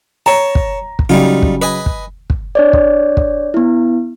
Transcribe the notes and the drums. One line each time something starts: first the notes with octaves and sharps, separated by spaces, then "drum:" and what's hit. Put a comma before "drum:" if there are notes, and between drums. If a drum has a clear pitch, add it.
C#5 A5 A#5
drum: kick
drum: kick
C#3 F#3 G3 D#4 F4
drum: kick
B4 D#5 G#5
drum: kick
drum: kick
D4 C#5 D5
drum: kick
drum: kick
B3 E4